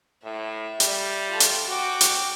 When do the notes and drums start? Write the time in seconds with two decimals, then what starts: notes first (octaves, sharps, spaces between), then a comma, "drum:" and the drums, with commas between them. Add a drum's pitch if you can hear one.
0.24 A2 E5
0.80 G3, drum: hi-hat
1.29 F4 A4
1.40 drum: hi-hat
1.67 F#4 G5 D6
2.01 drum: hi-hat